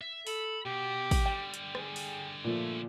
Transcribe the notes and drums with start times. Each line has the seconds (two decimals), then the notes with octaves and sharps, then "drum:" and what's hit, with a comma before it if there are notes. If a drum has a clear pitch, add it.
0.01 E5
0.27 A4 B5, drum: open hi-hat
0.66 B2 G4
1.11 drum: kick, open hi-hat
1.26 D3 G3 G5
1.54 drum: hi-hat
1.75 G#4, drum: rim click
1.96 drum: open hi-hat
2.44 A#2 F3 A3